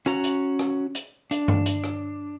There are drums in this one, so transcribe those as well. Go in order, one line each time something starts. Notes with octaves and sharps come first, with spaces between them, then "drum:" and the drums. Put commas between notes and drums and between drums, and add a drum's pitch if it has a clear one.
C#4 F#4 A#5, drum: rim click
drum: hi-hat
drum: rim click
drum: hi-hat
D4, drum: hi-hat
drum: tom G2
drum: hi-hat
drum: rim click